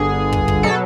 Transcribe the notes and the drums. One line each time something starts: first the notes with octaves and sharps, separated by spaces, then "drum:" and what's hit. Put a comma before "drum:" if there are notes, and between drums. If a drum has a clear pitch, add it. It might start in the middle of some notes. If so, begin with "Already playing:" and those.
Already playing: G1 G2 D3 G#4
drum: kick
drum: kick
B2 F#3 A4